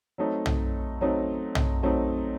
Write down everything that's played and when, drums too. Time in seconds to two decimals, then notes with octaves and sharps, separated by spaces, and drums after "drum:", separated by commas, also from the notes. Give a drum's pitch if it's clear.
0.18 F#3 A3 C4 D#4
0.46 drum: tom
1.01 F#3 A3 C4 D#4
1.55 drum: tom
1.83 F#3 A3 C4 D#4